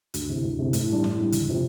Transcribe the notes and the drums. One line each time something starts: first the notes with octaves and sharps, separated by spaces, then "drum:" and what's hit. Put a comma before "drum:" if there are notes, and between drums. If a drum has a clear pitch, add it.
D2, drum: hi-hat
C3 E3
D2
C3 E3
A2, drum: hi-hat
E3 G3 D4
A2, drum: snare
E3 G3 D4
E1, drum: hi-hat
C3 F3 C4